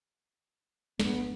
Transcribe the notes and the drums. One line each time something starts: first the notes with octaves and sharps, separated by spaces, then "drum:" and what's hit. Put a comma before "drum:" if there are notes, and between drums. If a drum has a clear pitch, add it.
G#1 F2 B3 D4, drum: snare